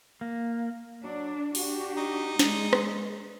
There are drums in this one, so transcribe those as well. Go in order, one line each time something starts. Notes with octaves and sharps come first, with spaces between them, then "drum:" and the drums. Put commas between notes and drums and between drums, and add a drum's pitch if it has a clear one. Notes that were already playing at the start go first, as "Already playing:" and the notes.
A#3
F#3 D4
D4 F#4 G4, drum: open hi-hat
D#4
G#3 D4, drum: snare
drum: rim click